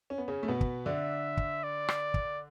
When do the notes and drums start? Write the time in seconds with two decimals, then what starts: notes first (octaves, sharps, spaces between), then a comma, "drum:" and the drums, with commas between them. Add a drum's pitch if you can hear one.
0.10 C#4
0.18 B3
0.28 C#3 C#4
0.43 A3
0.48 B2 B3
0.61 drum: kick
0.86 D3 D4 E5
1.37 drum: kick
1.63 D5
1.88 drum: rim click
2.14 drum: kick